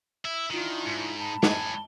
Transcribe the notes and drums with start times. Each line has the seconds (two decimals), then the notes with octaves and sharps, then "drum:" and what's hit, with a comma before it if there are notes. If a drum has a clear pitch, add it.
0.25 E4
0.50 D#3 D4 E4 F4
0.86 G#2
1.16 A5 B5
1.43 A2 G#5, drum: snare